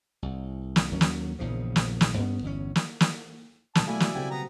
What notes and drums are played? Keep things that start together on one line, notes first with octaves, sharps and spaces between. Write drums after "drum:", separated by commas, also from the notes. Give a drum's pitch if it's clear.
C2
drum: snare
D#2 F#3 C#4
drum: snare
A#1 E2 C#3 F3
drum: snare
drum: snare
G2 B3 C#4
G1 E2 C3 C#4
drum: snare
drum: snare
B2 G3 A5, drum: snare
F#3 A3 E4 F#4 D5 F5 G#5
drum: snare
C#3 C4 G4 A4 G5
B3 A#5